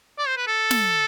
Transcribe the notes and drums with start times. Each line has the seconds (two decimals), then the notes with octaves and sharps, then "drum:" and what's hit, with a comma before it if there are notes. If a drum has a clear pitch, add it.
0.19 D5
0.27 C5
0.37 B4
0.47 A4
0.71 drum: snare